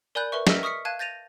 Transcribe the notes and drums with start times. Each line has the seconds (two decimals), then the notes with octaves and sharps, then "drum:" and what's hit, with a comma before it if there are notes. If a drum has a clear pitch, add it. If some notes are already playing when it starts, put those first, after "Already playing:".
0.15 A#4 D5 G#5 B5 F#6 G6
0.32 A#4 B4 E5 C#6
0.47 D#5 E5 E6 F6 A#6 B6, drum: snare
0.63 C#6 D#6 F6 B6 C#7
0.85 F5 A5 F#6 G#6 D#7
0.99 G6 A6 A#6 D#7 F7